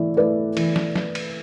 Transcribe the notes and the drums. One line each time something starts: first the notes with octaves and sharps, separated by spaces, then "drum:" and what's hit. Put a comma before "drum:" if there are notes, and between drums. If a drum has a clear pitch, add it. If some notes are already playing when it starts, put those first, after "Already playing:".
Already playing: E3 A3 E4 D5
A3 E4 B4 D5
E3, drum: cymbal
drum: snare
drum: snare
drum: cymbal